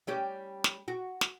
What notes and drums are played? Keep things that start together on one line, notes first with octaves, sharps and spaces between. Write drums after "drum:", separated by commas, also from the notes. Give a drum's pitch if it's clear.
G3 C#4 G4
drum: snare
F#4
drum: snare